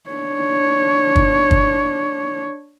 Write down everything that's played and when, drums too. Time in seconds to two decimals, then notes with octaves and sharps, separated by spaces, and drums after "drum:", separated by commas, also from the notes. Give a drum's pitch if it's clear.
0.10 D4 C#5
1.16 drum: kick
1.51 drum: kick